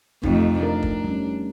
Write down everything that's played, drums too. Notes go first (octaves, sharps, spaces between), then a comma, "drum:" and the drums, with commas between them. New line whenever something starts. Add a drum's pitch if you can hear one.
F2 C3 F3 A3 D#4, drum: kick
A3 D4 A#4
drum: kick
G3 C#4